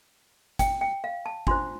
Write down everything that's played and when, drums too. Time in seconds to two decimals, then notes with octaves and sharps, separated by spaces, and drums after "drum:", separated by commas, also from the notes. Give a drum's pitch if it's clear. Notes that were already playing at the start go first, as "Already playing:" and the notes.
0.59 G5, drum: kick, hi-hat
0.81 G5
1.04 F5
1.26 A5
1.47 D4 F4 C5 C6, drum: kick